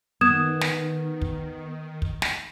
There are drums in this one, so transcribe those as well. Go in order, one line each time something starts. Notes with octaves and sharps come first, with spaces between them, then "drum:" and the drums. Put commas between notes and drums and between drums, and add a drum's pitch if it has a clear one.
D#3 B3 D#6 G#6 E7
drum: snare
drum: kick
drum: kick
drum: snare